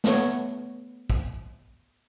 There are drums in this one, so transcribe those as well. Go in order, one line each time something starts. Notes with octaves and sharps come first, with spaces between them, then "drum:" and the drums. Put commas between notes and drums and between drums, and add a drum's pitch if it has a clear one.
A3 B3 C#5, drum: snare
drum: kick